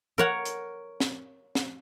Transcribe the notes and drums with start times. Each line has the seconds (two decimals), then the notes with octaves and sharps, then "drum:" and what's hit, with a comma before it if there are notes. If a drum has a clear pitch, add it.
0.18 A#4 C#5 F#5
0.45 drum: hi-hat
1.00 drum: snare
1.55 drum: snare